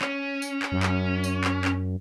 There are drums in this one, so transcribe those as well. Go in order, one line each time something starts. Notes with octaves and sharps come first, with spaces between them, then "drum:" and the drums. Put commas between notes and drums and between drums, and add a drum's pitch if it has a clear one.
C#4, drum: clap
drum: tambourine
drum: clap
F#2
drum: clap
drum: tambourine
drum: clap
drum: clap